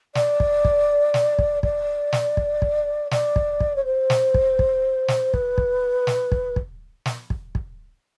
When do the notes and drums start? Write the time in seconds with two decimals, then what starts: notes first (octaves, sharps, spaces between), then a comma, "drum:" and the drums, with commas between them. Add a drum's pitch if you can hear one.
0.15 D5, drum: snare
0.40 drum: kick
0.65 drum: kick
1.14 drum: snare
1.39 drum: kick
1.63 D5, drum: kick
2.13 drum: snare
2.37 drum: kick
2.62 drum: kick
3.11 D5, drum: snare
3.36 drum: kick
3.60 drum: kick
3.76 C#5
3.85 C5
4.10 drum: snare
4.34 drum: kick
4.59 drum: kick
5.08 drum: snare
5.34 B4, drum: kick
5.58 drum: kick
6.07 drum: snare
6.32 drum: kick
6.56 drum: kick
7.06 drum: snare
7.30 drum: kick
7.55 drum: kick